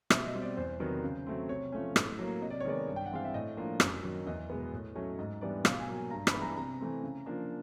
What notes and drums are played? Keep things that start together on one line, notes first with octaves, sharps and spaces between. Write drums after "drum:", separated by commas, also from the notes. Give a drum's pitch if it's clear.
B2 E5, drum: rim click
D#5
G3 C4
D5
E2 C5
C3 D#3 F#3 B3
C#3
F#3 A3 C4
C3 C#5
F3 A3 C#4
A2, drum: rim click
F#3 A#3
C3 D#5
D5
C#5
D#3 G#3 B3 D5
G2
G5
F#5
E3 G#3 C4 F5
E5
A2 D#5
F3 A#3 D4
F#2, drum: rim click
D#3 F#3
E2 D#5
B2 G#3 B3
A2
F#3 A3 C#4
G#2 D#5
E3 G3 B3 D4 D5
B2 F5, drum: rim click
G#5
F#3 A#3
G#5
G2 A#5
B5, drum: rim click
E3 G#3 B3
A#5
C3 A#5
E3 A3 C4
C#3
F3 A#3 D4